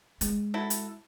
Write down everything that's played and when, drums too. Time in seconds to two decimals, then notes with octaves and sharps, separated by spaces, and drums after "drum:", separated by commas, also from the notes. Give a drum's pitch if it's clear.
0.21 G#3, drum: hi-hat
0.54 E4 F#4 A4
0.70 drum: hi-hat